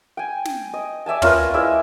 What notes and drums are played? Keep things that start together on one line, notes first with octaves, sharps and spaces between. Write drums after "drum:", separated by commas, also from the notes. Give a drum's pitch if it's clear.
G5 G#5
drum: snare
D#5
D5 E5 G#5 A5
C#4 F4 A#4 B4, drum: tom
G#3 E4 D5 E5